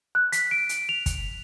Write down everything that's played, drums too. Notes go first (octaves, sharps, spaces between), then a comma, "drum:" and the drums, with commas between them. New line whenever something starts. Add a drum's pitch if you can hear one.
F#6
B6, drum: hi-hat
D7
drum: hi-hat
F7
drum: kick, hi-hat